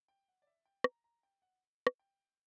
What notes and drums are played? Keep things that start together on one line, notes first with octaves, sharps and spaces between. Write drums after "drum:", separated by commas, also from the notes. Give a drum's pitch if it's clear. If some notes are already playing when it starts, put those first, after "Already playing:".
G5
F#5
D5
E5
G5
A#5, drum: rim click
A#5
G5
F#5
drum: rim click
G5